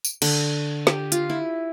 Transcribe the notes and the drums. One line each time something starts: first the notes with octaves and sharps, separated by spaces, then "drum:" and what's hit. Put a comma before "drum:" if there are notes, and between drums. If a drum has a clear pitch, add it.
drum: tambourine
D3, drum: cymbal
G4, drum: snare
F4, drum: hi-hat
E4